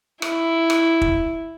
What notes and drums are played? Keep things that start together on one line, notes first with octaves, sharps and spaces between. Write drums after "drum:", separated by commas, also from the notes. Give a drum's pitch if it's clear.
E4, drum: rim click
drum: rim click
drum: kick